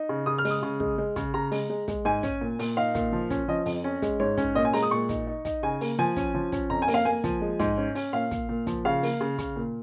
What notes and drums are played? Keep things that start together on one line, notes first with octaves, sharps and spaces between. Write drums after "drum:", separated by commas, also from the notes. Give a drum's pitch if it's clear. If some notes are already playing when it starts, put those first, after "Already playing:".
Already playing: D#4
C#3
C#3 D#6
F6
G#3, drum: open hi-hat
D#6
C#3
G#3, drum: kick
G#3
C#3, drum: kick, hi-hat
C#3 A#5
G#3, drum: open hi-hat
G#3
G#3, drum: kick, hi-hat
G#2 G#5
C#4, drum: kick, hi-hat
A#2
A#2, drum: open hi-hat
D#4 F5
A#2, drum: kick, hi-hat
F3
C#4, drum: kick, hi-hat
F3 D#5
F2, drum: open hi-hat
C#4
G#3, drum: kick, hi-hat
G#2 C#5
C#4, drum: kick, hi-hat
A#2 D#5
G#5
G#3 A#5, drum: open hi-hat
D#6
A#2 C#6
D#4, drum: kick, hi-hat
D#4
D#4, drum: kick, hi-hat
C#3 G#5
A#3, drum: open hi-hat
F3 G#5
C#4, drum: kick, hi-hat
F3
C#4, drum: kick, hi-hat
F2 A#5
G#5
A#3, drum: open hi-hat
F5
A#3 G#5
F3, drum: kick, hi-hat
G#3
G#2, drum: kick, hi-hat
C#4
C#4, drum: open hi-hat
A#2 F5
A#2, drum: kick, hi-hat
A#2
F3, drum: kick, hi-hat
C#3 F5
A#3, drum: open hi-hat
C#3
C#3, drum: kick, hi-hat
A#2